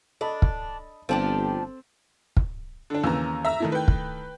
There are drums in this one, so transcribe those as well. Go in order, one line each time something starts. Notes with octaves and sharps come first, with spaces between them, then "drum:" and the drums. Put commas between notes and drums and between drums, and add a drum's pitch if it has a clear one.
D4 A4 D#5 B5
drum: kick
G1 F3 C4 D4 G4 A4
drum: kick
D3 D4
D#2 C#3 E3 A#5 E6
E5 A#5 E6
D#3 A3 E4
B4 G5
drum: kick